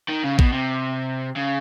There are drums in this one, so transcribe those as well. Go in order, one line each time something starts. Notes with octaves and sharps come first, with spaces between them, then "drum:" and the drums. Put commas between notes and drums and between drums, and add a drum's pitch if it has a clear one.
D#3
C#3
B2, drum: kick A#1
C3
C#3